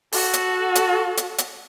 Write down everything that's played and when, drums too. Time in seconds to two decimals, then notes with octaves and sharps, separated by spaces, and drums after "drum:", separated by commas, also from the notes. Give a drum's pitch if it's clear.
0.12 F#4 A4, drum: open hi-hat
0.33 drum: hi-hat
0.75 drum: hi-hat
1.17 drum: hi-hat
1.38 drum: hi-hat